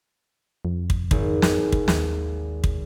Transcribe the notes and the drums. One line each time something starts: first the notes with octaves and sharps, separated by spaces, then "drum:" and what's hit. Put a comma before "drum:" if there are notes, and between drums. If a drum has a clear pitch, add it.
F2
drum: kick
G#1, drum: kick
drum: snare
drum: kick
D#2, drum: snare
drum: kick